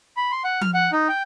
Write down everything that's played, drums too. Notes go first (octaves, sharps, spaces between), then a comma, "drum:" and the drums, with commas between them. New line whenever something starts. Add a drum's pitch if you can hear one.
B5
C6
F#5
F6, drum: tom F3
F#5
D#4
G5